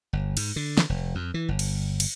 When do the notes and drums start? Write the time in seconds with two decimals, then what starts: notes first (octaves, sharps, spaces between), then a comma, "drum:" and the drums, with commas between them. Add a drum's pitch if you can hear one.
0.13 G1
0.37 G#2, drum: cymbal
0.56 D3
0.78 drum: snare
0.89 F1
1.15 F2
1.34 E3
1.48 G1
1.59 drum: cymbal
2.00 drum: cymbal